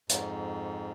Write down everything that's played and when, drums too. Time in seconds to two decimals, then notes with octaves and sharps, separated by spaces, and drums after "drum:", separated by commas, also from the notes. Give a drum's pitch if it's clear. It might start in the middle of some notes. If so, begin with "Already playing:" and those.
0.09 F2 G#2, drum: hi-hat